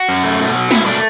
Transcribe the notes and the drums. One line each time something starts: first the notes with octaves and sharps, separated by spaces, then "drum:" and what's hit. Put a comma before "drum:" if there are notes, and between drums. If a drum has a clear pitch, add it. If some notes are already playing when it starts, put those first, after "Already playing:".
Already playing: F#4
F#2
A3
B2
F#3
B2 E4, drum: snare
A3 D4